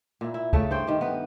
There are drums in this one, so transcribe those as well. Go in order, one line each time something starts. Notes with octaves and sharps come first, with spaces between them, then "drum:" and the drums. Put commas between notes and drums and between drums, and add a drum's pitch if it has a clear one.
A#2 E4
E4
C#3 A3 A4, drum: kick C#2
G2 C5 G5
D#3 G4
B3 B4